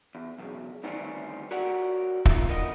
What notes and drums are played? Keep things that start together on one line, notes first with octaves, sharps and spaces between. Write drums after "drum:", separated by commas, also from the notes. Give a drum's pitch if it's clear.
E2
B1 E2 A#2 C#3
D2 D#3 E3 G3 C4 C#4
F#4 G4 A#4 C#5 D5 F#5
C#2 B2 D#4 F4 A#4 E5, drum: kick
D3 B3 A#4 D#5